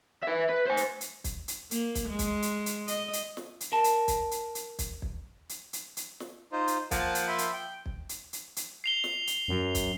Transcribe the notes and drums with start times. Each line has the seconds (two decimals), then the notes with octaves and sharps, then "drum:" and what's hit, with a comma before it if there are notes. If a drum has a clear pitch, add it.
0.23 B4 E5
0.49 B4
0.67 C5 G#5
0.77 drum: hi-hat
1.01 drum: hi-hat
1.24 drum: kick, hi-hat
1.48 drum: hi-hat
1.71 A#3, drum: hi-hat
1.95 drum: kick, hi-hat
2.09 G#3
2.19 drum: kick, hi-hat
2.42 drum: hi-hat
2.66 drum: hi-hat
2.88 D#5, drum: hi-hat
3.13 drum: hi-hat
3.37 drum: snare
3.60 drum: hi-hat
3.72 A#4 A5
3.84 drum: hi-hat
4.08 drum: kick, hi-hat
4.31 drum: hi-hat
4.55 drum: hi-hat
4.79 drum: kick, hi-hat
5.02 drum: kick
5.49 drum: hi-hat
5.73 drum: hi-hat
5.97 drum: hi-hat
6.20 drum: snare
6.52 D#4 F4 C5
6.68 drum: hi-hat
6.91 F3 A#3 F#5 A5, drum: kick, hi-hat
7.15 drum: hi-hat
7.28 E5 B5 C6
7.38 drum: hi-hat
7.53 G5
7.86 drum: kick
8.09 drum: hi-hat
8.33 drum: hi-hat
8.56 drum: hi-hat
8.84 C7 F7 G7
9.04 drum: snare
9.27 drum: hi-hat
9.48 F#2
9.75 drum: kick, hi-hat